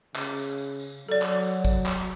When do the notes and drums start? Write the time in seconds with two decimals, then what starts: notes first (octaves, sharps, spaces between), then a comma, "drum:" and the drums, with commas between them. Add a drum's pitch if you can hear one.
0.16 C#3, drum: clap
0.37 drum: tambourine
0.58 drum: tambourine
0.79 drum: tambourine
1.09 F#3 A4 D5
1.22 drum: clap
1.43 drum: tambourine
1.65 drum: kick A1, tambourine
1.86 drum: clap